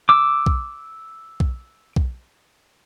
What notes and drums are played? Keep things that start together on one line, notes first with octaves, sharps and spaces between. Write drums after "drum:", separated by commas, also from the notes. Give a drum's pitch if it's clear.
D6 E6
drum: kick B1
drum: kick B1
drum: kick B1